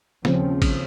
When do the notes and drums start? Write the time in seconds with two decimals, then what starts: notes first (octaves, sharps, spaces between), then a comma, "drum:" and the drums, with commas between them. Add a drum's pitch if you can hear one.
0.25 D#2 C#3 F3 C4 C#4, drum: snare
0.62 drum: kick, cymbal